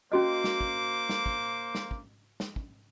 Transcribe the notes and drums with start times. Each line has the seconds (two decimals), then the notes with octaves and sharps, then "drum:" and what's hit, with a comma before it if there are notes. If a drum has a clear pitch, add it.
0.12 A#3 C#4 F#4 C5 D#5 D6
0.44 drum: snare
0.61 drum: kick
1.09 drum: snare
1.26 drum: kick
1.75 drum: snare
1.91 drum: kick
2.40 drum: snare
2.56 drum: kick